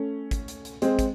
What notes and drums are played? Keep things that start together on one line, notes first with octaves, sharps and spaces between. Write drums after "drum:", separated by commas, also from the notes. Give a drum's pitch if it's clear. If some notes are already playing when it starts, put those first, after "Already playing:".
Already playing: A3 C#4
drum: kick, hi-hat
drum: hi-hat
drum: hi-hat
G#3 C4, drum: hi-hat
drum: kick, hi-hat